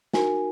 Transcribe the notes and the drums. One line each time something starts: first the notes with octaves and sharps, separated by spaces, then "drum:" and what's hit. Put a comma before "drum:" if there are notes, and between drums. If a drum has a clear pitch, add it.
D#4 F#4 A#4 G#5, drum: snare